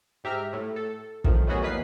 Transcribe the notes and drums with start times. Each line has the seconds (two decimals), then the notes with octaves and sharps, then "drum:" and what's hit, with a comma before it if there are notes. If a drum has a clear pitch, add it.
0.24 G#2 G4 E5 A#5 F6
0.53 A2
0.76 A4
1.24 A2 D#3 F3, drum: kick
1.47 A2 D#3 F#3 B3 F#4 G#4
1.61 E2 A#3 D#4 B4 B6 C7